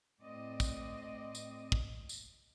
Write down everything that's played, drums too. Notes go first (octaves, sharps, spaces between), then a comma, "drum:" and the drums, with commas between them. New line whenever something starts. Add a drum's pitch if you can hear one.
A2 C4 D5 D#5
drum: kick, tambourine
drum: tambourine
drum: kick
drum: tambourine